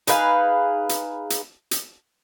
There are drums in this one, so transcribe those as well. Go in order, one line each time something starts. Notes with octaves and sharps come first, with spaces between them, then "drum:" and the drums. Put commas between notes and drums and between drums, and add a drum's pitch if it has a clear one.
D#4 G#4 B4 F5, drum: hi-hat
drum: hi-hat
drum: hi-hat
drum: hi-hat